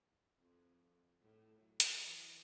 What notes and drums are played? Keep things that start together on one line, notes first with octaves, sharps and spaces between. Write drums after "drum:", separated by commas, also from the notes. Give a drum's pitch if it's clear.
F2
A2
F#3
drum: hi-hat
E3